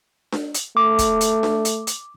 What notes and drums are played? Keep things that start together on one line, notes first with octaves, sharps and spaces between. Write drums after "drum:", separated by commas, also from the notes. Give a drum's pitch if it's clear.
drum: snare D4
drum: hi-hat
A3 D6
drum: kick, hi-hat
drum: hi-hat
drum: snare D4
drum: hi-hat
drum: hi-hat